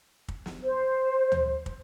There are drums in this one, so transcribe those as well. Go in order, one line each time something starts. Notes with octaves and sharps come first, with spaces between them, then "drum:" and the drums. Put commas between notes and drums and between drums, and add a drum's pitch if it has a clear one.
drum: kick
drum: snare
C5
drum: tom D2
drum: kick